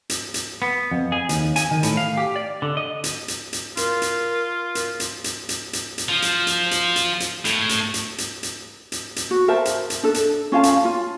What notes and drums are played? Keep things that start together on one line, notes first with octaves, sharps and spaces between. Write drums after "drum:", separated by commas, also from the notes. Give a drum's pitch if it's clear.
drum: hi-hat
drum: hi-hat
B3
F2
G#4
D#2, drum: hi-hat
G#5, drum: hi-hat
D#3
A2, drum: hi-hat
F5
G4
D5
D3
D#5
drum: hi-hat
drum: hi-hat
drum: hi-hat
F4 A#4, drum: hi-hat
drum: hi-hat
drum: hi-hat
drum: hi-hat
drum: hi-hat
drum: hi-hat
drum: hi-hat
drum: hi-hat
F3
drum: hi-hat
drum: hi-hat
drum: hi-hat
drum: hi-hat
drum: hi-hat
A2, drum: hi-hat
drum: hi-hat
drum: hi-hat
drum: hi-hat
drum: hi-hat
drum: hi-hat
drum: hi-hat
F#4
A#4 C5 E5 A5
drum: hi-hat
drum: hi-hat
D4 A4
drum: hi-hat
C#4 F4 F5 A5
drum: hi-hat
F4